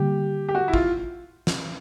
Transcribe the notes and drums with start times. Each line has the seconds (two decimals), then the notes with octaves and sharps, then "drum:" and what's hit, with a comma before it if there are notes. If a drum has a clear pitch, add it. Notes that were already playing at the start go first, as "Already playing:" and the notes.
Already playing: D3 G3 A#3 G4
0.48 G4
0.55 F#4
0.68 E4
0.74 F4, drum: kick
1.47 drum: snare